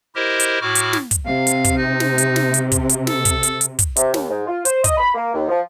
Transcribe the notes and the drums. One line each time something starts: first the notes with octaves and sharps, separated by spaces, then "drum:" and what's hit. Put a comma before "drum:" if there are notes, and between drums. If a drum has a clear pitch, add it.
E4 G4 A#4 C5 D#5
drum: hi-hat
A2 E4 F#4 D6 F6
drum: hi-hat
drum: snare
drum: kick, hi-hat
C3 F5
drum: hi-hat
drum: kick, hi-hat
D#4
drum: snare
drum: hi-hat
drum: snare
drum: hi-hat
drum: kick, hi-hat
drum: hi-hat
A4, drum: snare
drum: kick, hi-hat
drum: hi-hat
drum: hi-hat
drum: kick, hi-hat
C3, drum: hi-hat
D#2, drum: snare
G#2
F4
C5, drum: hi-hat
D#5, drum: kick, hi-hat
B5
A#3
D#2
F3